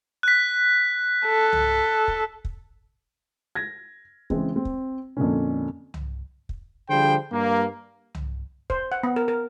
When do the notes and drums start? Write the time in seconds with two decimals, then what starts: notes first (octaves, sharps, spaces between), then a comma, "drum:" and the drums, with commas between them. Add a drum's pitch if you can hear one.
0.23 F#6 B6
1.26 A4
1.53 drum: tom C2
2.08 drum: kick
2.45 drum: kick
3.55 G#6 A#6
4.30 C#3 E3 G#3 C4, drum: kick
4.56 C4
4.65 drum: kick
5.17 F2 A#2 D3 C#4
5.94 drum: tom C2
6.49 drum: kick
6.90 D3 F3 G3 G#4 C5 G5
7.33 G2 A#3
8.15 drum: tom C2
8.70 C5, drum: kick
8.92 F#5
9.03 B3
9.16 A#4
9.28 A#4